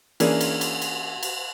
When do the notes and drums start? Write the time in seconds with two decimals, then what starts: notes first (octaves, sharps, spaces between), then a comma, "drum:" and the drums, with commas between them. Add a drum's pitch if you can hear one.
0.20 E3 A#3 C#4 D4 G#4 A#4, drum: cymbal
0.41 drum: cymbal
0.61 drum: cymbal
0.82 drum: cymbal
1.23 drum: cymbal